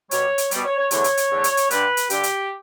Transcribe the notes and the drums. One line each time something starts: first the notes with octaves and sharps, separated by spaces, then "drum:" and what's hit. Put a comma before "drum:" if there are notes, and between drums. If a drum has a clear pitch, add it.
B2 G3 C#5, drum: hi-hat
drum: hi-hat
B2 G3, drum: hi-hat
C#5
C#5
E2 D3 A3 C#5, drum: hi-hat
drum: hi-hat
drum: hi-hat
E2 D3 A3
drum: hi-hat
drum: hi-hat
G2 D3 G3 B4, drum: hi-hat
drum: hi-hat
G2 D3 G3 G4, drum: hi-hat
drum: hi-hat